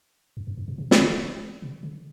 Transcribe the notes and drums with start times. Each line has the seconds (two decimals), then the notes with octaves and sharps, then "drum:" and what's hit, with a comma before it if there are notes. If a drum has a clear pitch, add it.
0.37 F2
0.47 F#2
0.57 F#2
0.68 A#2
0.78 C3
0.91 D#3, drum: snare
1.00 C#3
1.62 C3
1.83 C#3